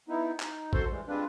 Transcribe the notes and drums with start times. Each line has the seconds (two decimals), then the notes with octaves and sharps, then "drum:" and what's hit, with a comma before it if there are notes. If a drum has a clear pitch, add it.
0.08 B3 D#4 E4
0.40 D#4, drum: clap
0.73 F#4 A4 C5 C6, drum: kick
0.90 E3 G3 G#3
1.08 G3 G#3 C4 D4 F4 B4